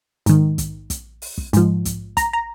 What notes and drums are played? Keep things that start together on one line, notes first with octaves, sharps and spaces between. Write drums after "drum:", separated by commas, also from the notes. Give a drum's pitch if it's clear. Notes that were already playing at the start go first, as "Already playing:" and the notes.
G#2 D#3, drum: hi-hat
drum: kick, hi-hat
drum: kick, hi-hat
drum: open hi-hat
drum: kick
G#2 F3, drum: hi-hat
drum: kick, hi-hat
A#5, drum: kick, hi-hat
A#5